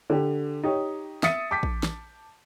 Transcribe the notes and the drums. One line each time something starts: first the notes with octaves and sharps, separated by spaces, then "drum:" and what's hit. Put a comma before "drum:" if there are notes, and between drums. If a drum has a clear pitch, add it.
D3 G4
D#4 G4 C#5
E5 D#6 A6 B6 C#7 D#7, drum: snare
A5 D6 G6 B6
drum: kick A#1
drum: snare